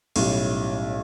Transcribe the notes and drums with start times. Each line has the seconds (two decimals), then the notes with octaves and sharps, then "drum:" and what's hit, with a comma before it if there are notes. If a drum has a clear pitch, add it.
0.16 B1 A2 G3 C#4, drum: cymbal